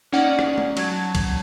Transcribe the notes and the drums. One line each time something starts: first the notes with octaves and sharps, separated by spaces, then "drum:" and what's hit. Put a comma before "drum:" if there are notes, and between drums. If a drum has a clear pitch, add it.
A#3 C#4 D#4 D5 F#5
drum: rim click
drum: tom
F#3 A5 G#6, drum: cymbal
drum: kick C2, cymbal